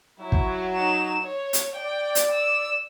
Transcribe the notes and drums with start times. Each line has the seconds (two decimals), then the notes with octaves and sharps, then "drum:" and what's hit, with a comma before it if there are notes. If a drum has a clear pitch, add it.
0.20 F#3 E4
0.32 drum: kick
0.76 D#4 E7
1.22 C#5
1.53 drum: hi-hat
1.76 D5 G5
2.15 drum: hi-hat
2.32 E6